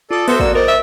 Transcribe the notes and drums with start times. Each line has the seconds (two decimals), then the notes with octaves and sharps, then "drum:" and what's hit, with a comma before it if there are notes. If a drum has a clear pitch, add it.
0.11 F4 A4 D5 D#6
0.28 B3 F#4 A4 B4 C5 E5, drum: open hi-hat
0.40 A#3 D5 E6, drum: kick
0.55 A#4 C5 D5 D#5
0.68 E5